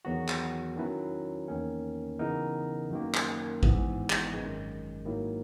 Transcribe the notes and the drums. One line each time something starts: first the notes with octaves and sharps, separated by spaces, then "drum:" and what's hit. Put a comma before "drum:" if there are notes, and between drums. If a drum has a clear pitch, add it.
E2 D#3 F#3 B3 F#4
drum: clap
D#3 F#3 C#4 E4 B4
E2 D#3 A#3 C#4
C#3 E3 B3 D#4 A#4
F#2 D#3 A#3
drum: clap
G#1 G#2 E3 B3, drum: kick A1
drum: clap
G#1 F#2 D#3 G#3
G#2 D#3 F#3 A#3 E4